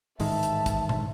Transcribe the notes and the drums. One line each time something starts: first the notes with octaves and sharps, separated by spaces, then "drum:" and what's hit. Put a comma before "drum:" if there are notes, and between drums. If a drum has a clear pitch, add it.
A1 G#2 D#3 E5 A5, drum: open hi-hat
drum: hi-hat
drum: kick, hi-hat
drum: tom A#2